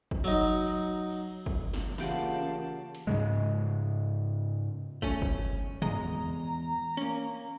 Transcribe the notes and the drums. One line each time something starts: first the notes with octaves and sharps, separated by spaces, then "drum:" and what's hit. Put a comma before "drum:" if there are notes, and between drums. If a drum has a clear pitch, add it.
drum: kick
F#3 D#4
drum: open hi-hat
drum: cymbal
drum: kick
drum: snare
C#3 E3 A#3 F4 G4 F#5 A5, drum: snare
drum: hi-hat
G#2 C#3 G#3
A3 C#4, drum: kick
drum: kick
E2 G#3 D#5 A#5, drum: tom
A#3 C#4